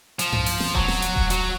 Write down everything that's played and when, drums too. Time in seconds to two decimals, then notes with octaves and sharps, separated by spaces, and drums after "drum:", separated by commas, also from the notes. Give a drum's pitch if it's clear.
0.19 F3, drum: hi-hat
0.32 drum: tom G2
0.46 drum: open hi-hat
0.60 drum: snare
0.75 F#3, drum: kick D#1
0.88 drum: snare
1.02 drum: hi-hat
1.16 drum: kick D#1
1.30 F#3, drum: hi-hat